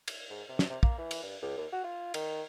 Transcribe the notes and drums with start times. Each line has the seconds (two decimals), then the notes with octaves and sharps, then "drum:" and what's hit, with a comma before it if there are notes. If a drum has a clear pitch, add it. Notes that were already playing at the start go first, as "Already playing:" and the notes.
0.08 drum: cymbal
0.30 G#2
0.49 C3
0.59 drum: snare
0.69 C3
0.83 A#3, drum: kick
0.98 E3
1.11 drum: cymbal
1.23 G2
1.42 C#2
1.57 D#2
1.72 F#4
1.84 F4
2.14 D#3, drum: cymbal